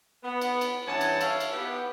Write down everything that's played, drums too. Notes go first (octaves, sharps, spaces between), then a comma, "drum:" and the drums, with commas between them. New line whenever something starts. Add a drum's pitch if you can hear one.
B3
drum: cymbal
drum: cymbal
G2 E3 C#4 F#5 G#5 A5
drum: cymbal
A4 C#5 E5 F5, drum: cymbal
drum: cymbal
B3 G4